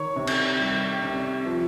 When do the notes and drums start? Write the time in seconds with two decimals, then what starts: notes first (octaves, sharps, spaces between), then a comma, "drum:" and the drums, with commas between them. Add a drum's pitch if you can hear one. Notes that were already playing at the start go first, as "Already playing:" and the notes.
Already playing: D#3 C#5 C#6
0.16 C3
0.27 drum: cymbal
0.60 G3
1.03 C3
1.46 F3